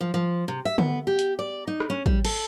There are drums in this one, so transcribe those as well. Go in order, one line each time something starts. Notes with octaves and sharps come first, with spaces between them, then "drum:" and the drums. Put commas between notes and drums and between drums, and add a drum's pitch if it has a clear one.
F3
F3
C3
E5
B3, drum: tom D3
G4
drum: hi-hat
D5
D#4
drum: rim click
C#4
G3, drum: kick
A4, drum: cymbal